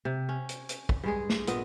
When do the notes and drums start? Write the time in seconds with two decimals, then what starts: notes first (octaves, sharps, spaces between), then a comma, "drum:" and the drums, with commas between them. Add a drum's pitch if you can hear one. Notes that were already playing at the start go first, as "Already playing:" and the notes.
0.05 C3
0.29 C#4
0.49 drum: hi-hat
0.69 drum: hi-hat
0.89 drum: kick
1.04 G2 G#3 G#4
1.29 drum: snare
1.47 A#2 B3 D#5, drum: hi-hat